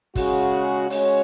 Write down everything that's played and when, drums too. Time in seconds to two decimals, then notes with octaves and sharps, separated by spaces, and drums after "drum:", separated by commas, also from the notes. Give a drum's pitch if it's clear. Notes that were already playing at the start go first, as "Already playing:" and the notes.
0.15 C#3 G#3 F#4, drum: kick, open hi-hat
0.90 G#3 C#4 F#4 C#5, drum: open hi-hat